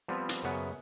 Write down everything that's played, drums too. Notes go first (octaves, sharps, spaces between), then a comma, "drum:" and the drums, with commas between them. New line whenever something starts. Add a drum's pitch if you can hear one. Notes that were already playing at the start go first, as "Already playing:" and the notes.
F3 G3 B3 C4 F4
drum: hi-hat
F#2 C#3 B3 F#5